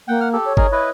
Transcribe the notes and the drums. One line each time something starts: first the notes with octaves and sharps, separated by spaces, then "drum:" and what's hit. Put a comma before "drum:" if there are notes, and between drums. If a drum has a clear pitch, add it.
A#3 F#5 G5
F#5 F6
G4 A4
C#5
D#4 G#4 A#4, drum: kick G1
E4 B4 D#5